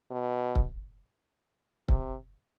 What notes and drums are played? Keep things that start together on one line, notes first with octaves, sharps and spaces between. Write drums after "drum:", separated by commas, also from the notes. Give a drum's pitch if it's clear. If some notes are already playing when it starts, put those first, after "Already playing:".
B2
drum: kick C#1
C3, drum: kick C#1